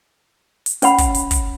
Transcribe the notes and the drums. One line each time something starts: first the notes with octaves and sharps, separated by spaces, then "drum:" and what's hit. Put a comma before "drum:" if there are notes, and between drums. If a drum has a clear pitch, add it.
drum: hi-hat
C#4 C#5 F#5 B5, drum: hi-hat
drum: kick, hi-hat
drum: hi-hat
drum: kick, hi-hat